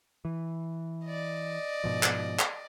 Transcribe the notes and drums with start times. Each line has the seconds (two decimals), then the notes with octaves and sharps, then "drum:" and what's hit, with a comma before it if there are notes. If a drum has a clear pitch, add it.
0.25 E3
1.06 D5 D#5
1.84 G#2 B2 F3
2.03 drum: clap
2.39 drum: clap